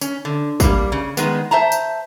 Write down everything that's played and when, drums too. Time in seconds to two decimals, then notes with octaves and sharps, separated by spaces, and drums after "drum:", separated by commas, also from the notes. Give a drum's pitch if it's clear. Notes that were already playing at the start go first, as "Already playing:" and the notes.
0.01 C#4, drum: tambourine
0.25 D3
0.60 F#3 G3 A#3, drum: kick, tambourine
0.92 C#3
1.17 D#3 G#3 B3, drum: tambourine
1.51 C5 E5 A5 A#5
1.72 drum: tambourine